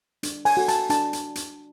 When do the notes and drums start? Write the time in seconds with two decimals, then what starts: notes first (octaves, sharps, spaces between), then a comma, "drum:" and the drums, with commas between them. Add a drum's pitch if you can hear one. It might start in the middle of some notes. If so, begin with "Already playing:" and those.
0.23 D4, drum: hi-hat
0.45 G#5, drum: open hi-hat
0.57 F#4 A4
0.68 A5, drum: hi-hat
0.90 D4 A5, drum: hi-hat
1.13 drum: hi-hat
1.35 drum: hi-hat